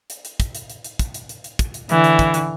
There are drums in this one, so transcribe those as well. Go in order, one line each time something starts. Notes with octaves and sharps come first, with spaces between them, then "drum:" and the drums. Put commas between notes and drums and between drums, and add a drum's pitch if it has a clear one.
drum: hi-hat
drum: hi-hat
drum: kick, hi-hat
drum: hi-hat
drum: hi-hat
drum: hi-hat
drum: kick, hi-hat
drum: hi-hat
drum: hi-hat
drum: hi-hat
drum: kick, hi-hat
drum: hi-hat
D3 E3, drum: hi-hat
drum: hi-hat
drum: kick, hi-hat
drum: hi-hat